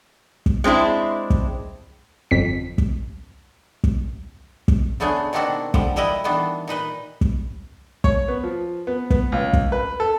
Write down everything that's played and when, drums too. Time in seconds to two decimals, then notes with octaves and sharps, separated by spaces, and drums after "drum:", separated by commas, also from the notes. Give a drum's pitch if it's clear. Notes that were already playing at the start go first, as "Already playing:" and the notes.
0.46 drum: kick
0.64 G#3 C4 D4 E4
1.30 drum: kick
2.31 G1 F2 B6
2.78 drum: kick
3.84 drum: kick
4.68 drum: kick
5.00 C#3 A3 B3 D4 G#4
5.33 B2 D#3 A#3 C4 D4 F#4
5.74 D3 F3 G3, drum: kick
5.96 A#2 G3 E4 B4 D#5
6.24 D#3 E3 B3 D4
6.68 A#2 D#4 B4 D#5
7.21 drum: kick
8.04 C#5, drum: kick
8.28 B3
8.44 F3
8.87 B3
9.10 B3, drum: kick
9.32 C#2
9.53 drum: kick
9.72 B4
10.00 A4